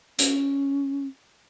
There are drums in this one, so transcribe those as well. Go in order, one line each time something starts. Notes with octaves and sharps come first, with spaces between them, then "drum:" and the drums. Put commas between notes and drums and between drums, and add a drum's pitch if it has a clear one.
C#4, drum: hi-hat